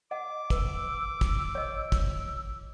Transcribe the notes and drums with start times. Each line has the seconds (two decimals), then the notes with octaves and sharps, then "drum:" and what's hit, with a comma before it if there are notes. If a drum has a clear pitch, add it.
0.11 D#5 F#5 D6
0.50 B4 E6, drum: kick, hi-hat
1.21 drum: kick, hi-hat
1.55 C#5 D#5
1.92 drum: kick, hi-hat